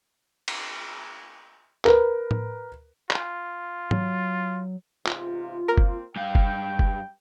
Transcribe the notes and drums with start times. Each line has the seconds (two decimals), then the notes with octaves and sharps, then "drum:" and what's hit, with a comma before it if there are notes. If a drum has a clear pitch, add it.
0.48 drum: cymbal
1.85 A#4 B4, drum: clap
2.31 drum: tom A2
3.11 F4, drum: clap
3.91 F#3, drum: tom
5.07 E2 G#2 C3 F4, drum: clap
5.68 A#3 C4 A#4
5.78 drum: kick F#1
6.16 G2 F5 G5 G6
6.35 drum: kick F#1
6.79 drum: kick F#1